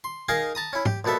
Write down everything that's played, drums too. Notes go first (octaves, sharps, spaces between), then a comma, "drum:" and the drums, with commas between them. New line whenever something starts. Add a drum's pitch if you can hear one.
C6
D#4 G#4 A#4 D#5 F5 G#5
A5 A#5 D#6
C#4 E4
G4, drum: tom
A#1 B2 B3 A4 E5